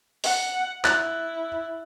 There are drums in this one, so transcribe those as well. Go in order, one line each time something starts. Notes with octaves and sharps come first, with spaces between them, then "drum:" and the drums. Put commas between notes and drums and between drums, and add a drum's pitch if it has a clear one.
F#5, drum: open hi-hat
E4 F#6 A6, drum: clap